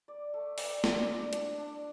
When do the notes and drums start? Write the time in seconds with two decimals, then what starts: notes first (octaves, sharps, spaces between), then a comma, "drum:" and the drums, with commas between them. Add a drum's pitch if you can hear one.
0.08 D5
0.34 A3
0.58 D5, drum: open hi-hat
0.84 D4, drum: snare
1.08 D5
1.33 D4, drum: hi-hat
1.58 D4